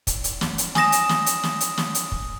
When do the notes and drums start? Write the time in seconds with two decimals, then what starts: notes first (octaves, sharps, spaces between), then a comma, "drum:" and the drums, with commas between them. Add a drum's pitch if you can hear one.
0.07 drum: kick, hi-hat
0.24 drum: hi-hat
0.41 drum: snare
0.58 drum: hi-hat
0.75 G#5 D#6 A#6 E7, drum: snare
0.92 drum: hi-hat
1.09 drum: snare
1.26 drum: hi-hat
1.43 drum: snare
1.60 drum: hi-hat
1.78 drum: snare
1.95 drum: hi-hat
2.12 drum: kick